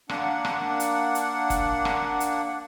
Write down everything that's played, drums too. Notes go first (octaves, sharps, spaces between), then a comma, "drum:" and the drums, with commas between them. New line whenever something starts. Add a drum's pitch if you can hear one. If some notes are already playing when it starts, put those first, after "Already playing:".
A#3 D4 F#5, drum: rim click
drum: rim click
drum: hi-hat
drum: hi-hat
drum: kick F#1, hi-hat
drum: rim click
drum: hi-hat